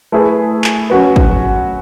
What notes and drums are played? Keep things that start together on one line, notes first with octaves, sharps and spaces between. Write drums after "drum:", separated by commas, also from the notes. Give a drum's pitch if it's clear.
A3 E4 G#4 B4
drum: clap
F#3 C#4 F#4 B4
drum: kick